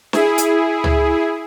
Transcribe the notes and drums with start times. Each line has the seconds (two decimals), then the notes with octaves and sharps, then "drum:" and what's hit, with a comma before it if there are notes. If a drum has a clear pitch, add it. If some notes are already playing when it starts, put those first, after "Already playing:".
0.13 E4 G#4, drum: snare
0.38 drum: hi-hat
0.84 drum: tom